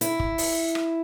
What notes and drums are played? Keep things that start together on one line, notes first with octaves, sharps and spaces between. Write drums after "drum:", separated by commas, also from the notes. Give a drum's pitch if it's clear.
E4, drum: hi-hat
drum: kick
drum: open hi-hat
drum: rim click